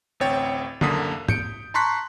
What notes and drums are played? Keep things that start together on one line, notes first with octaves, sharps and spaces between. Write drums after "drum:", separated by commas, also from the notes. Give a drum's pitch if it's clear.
A1 D2 C4 C#5 G5 A6
C2 F#2 D3 A#3 D#6 B6, drum: tom C#3
G6 C#7 D7, drum: tom G#2
A5 A#5 C6 C#6 F#6 B6